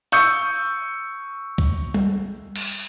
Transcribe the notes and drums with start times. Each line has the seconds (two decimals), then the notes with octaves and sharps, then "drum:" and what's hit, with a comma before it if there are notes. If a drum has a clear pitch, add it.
0.12 C#6 D#6 E6 G6 C#7, drum: hi-hat
1.58 drum: kick
1.94 drum: tom G3
2.56 drum: cymbal